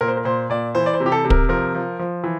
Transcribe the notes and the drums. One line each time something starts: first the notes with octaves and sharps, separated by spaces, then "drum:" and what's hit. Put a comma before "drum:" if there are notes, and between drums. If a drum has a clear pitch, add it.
A#2 A#4
C5
A#4
A#2 C5
A#2 D5
E3 C5
D5
C5
C3
G4
A4
C3
A#4, drum: kick
F3 A#4
F3
F3
E3